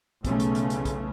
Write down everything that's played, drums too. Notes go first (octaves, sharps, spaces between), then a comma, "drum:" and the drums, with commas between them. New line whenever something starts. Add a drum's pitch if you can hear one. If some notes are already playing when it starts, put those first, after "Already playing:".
B1 E2 C#3 A3 C#4, drum: kick, hi-hat
drum: hi-hat
drum: hi-hat
drum: hi-hat
drum: kick, hi-hat